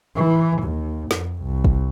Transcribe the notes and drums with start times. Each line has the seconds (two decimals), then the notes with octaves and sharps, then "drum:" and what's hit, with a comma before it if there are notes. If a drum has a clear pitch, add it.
0.16 E3
0.63 D#2
1.11 F2, drum: snare
1.43 C2
1.65 drum: kick